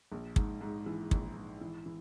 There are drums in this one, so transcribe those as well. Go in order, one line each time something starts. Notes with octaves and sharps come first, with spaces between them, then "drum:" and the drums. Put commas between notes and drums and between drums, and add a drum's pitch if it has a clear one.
A#1
G#2, drum: kick
G#2
E3
A#1, drum: kick
G#2
E3
E3